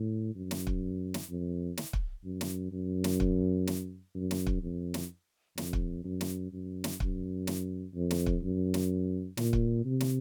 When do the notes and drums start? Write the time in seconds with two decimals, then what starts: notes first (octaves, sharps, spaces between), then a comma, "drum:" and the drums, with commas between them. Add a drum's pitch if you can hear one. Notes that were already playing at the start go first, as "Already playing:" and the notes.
Already playing: A2
0.35 F#2
0.51 drum: snare
0.67 drum: kick
1.14 drum: snare
1.30 F2
1.77 drum: snare
1.93 drum: kick
2.24 F#2
2.41 drum: snare
2.72 F#2
3.04 drum: snare
3.20 drum: kick
3.67 drum: snare
4.15 F#2
4.31 drum: snare
4.47 drum: kick
4.62 F2
4.94 drum: snare
5.58 F2, drum: snare
5.73 drum: kick
6.05 F#2
6.21 drum: snare
6.52 F#2
6.84 drum: snare
7.00 F#2, drum: kick
7.47 drum: snare
7.95 F2
8.11 drum: snare
8.26 drum: kick
8.42 F#2
8.74 drum: snare
9.37 A#2, drum: snare
9.53 drum: kick
9.85 C3
10.00 drum: snare